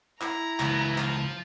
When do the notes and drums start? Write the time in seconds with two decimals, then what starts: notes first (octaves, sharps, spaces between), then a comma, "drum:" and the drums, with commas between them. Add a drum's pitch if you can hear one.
0.21 E4 A#5, drum: clap
0.60 C#2 G2 E3 B3, drum: clap
0.98 F3 F4, drum: clap